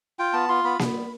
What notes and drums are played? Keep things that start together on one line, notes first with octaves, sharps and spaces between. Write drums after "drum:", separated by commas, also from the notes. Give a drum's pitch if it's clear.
F4 G5
B3 A5
F4 C6
B3 B5
B3, drum: snare A#3
G3